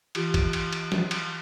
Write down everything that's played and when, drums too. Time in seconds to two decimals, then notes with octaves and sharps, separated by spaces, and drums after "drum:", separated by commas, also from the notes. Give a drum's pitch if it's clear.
0.15 E3 F4 G4, drum: cymbal
0.34 drum: kick, cymbal
0.53 drum: cymbal
0.73 drum: cymbal
0.92 drum: snare
1.11 drum: cymbal